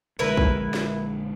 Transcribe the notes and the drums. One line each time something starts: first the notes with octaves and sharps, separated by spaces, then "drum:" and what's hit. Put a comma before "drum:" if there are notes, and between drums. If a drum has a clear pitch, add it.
A#1 D3 G#3 E4 A#4 B4
drum: kick
drum: snare